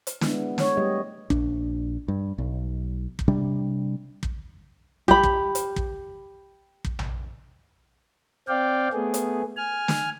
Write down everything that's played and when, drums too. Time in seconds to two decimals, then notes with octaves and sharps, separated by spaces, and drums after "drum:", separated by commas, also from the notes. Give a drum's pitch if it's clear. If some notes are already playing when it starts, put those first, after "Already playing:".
0.07 drum: hi-hat
0.21 G#3 B3 D4 E4, drum: snare
0.58 G#3 C#5, drum: snare
0.77 G3 A3 G4 D#5
1.30 A#1 D4, drum: kick
2.08 G2
2.38 B1
3.19 drum: kick
3.28 C3 G3 D4
4.23 drum: kick
5.08 G4 B5, drum: kick
5.23 drum: kick
5.55 drum: hi-hat
5.76 drum: kick
6.84 drum: kick
6.99 drum: tom A#1
8.48 C4 D5 F5 G5
8.93 A3 B3 G#4
9.14 drum: hi-hat
9.57 G#5 F6
9.88 drum: snare